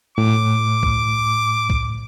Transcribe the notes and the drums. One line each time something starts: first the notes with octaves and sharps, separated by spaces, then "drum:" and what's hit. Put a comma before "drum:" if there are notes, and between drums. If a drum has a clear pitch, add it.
A2 D6
drum: kick
drum: kick